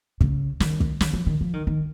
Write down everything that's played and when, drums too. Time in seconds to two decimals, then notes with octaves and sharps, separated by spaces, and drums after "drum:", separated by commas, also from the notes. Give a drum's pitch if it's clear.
0.21 C#3, drum: kick
0.60 D#3, drum: snare
0.80 drum: kick
1.00 D#3, drum: snare
1.14 F3
1.26 D#3
1.41 F3
1.54 D#3
1.67 D#3